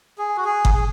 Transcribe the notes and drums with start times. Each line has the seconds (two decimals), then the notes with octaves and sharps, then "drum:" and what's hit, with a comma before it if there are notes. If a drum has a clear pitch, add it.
0.18 G#4
0.37 F#4
0.45 G#4
0.65 drum: kick G1
0.74 G#4